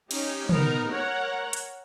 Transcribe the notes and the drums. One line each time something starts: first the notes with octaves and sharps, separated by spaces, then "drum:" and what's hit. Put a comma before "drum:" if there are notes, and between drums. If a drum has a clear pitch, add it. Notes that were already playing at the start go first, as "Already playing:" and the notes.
C#4 D#4 G4, drum: cymbal
B3 D#4 A#4, drum: tom
A#4 C#5 F#5
drum: hi-hat